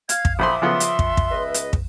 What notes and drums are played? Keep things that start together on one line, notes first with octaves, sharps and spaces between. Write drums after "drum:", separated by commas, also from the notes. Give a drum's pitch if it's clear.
F5 G#6, drum: hi-hat
drum: kick
A#1 C5 E5 B5 C6 D6 D#6
C#3 F3 B3 C6
drum: hi-hat
drum: kick
drum: kick
C#2 B4 D#5
drum: hi-hat
drum: kick